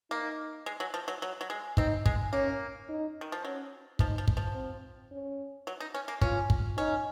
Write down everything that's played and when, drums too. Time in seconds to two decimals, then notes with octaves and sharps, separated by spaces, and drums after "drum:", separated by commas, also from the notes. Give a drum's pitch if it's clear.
0.11 A#3 D#4
0.66 G#3
0.80 F#3
0.94 F3
1.08 F#3
1.22 F#3
1.41 F#3
1.50 G#3
1.77 C4 D#4, drum: kick
2.06 G#3, drum: kick
2.33 A#3 C#4
2.89 D#4
3.21 D#3
3.32 F3
3.45 F#3 C#4
3.99 F3 D#4, drum: kick
4.18 F3
4.28 drum: kick
4.37 F3
4.55 C4
5.11 C#4
5.67 F#3
5.80 D#4
5.94 C#4
6.08 A#3
6.21 C#4 F4, drum: kick
6.50 drum: kick
6.77 C#4 D#4